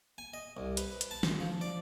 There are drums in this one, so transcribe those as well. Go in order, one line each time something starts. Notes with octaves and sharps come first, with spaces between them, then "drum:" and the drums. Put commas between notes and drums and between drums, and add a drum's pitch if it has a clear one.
G#5
D#5
C2
B4, drum: hi-hat
drum: hi-hat
A5
C5, drum: snare
F3
D5